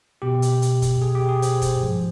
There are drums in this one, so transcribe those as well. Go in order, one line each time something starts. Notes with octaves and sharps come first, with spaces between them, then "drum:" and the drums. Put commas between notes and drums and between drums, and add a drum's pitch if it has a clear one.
B2 G4
drum: hi-hat
drum: hi-hat
drum: kick, hi-hat
G#4
G4
G#4
C5, drum: hi-hat
drum: kick, hi-hat
G#2 F3